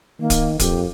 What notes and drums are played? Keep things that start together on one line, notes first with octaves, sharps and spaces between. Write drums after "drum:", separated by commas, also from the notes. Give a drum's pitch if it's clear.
D#3 A#3
drum: kick D1, hi-hat
F2 G4, drum: kick D1, hi-hat